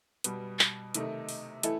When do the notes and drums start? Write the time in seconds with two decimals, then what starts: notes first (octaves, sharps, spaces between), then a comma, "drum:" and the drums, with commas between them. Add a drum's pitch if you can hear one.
0.24 B2 G3 B3, drum: hi-hat
0.59 drum: clap
0.94 C3 D#3 A3 D#4, drum: hi-hat
1.29 drum: open hi-hat
1.63 E3 A3 E4 A4, drum: hi-hat